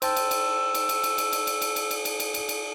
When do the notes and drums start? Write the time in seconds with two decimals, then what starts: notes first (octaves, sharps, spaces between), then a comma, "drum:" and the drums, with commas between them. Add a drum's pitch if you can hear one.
0.02 C5 G5 A5 E6, drum: cymbal
0.16 drum: cymbal
0.31 drum: cymbal
0.75 drum: cymbal
0.89 drum: cymbal
1.04 drum: cymbal
1.18 drum: cymbal
1.33 drum: cymbal
1.47 drum: cymbal
1.62 drum: cymbal
1.76 drum: cymbal
1.91 drum: cymbal
2.05 drum: cymbal
2.20 drum: cymbal
2.34 drum: cymbal
2.49 drum: cymbal